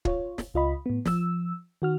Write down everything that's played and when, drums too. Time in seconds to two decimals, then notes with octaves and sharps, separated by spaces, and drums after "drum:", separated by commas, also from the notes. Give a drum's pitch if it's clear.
0.05 F4 C#5, drum: kick
0.38 drum: snare
0.54 C#2 F4 D#5 B5
0.86 A2 B3
1.05 F3 E6, drum: snare
1.82 D#3 F#4 F6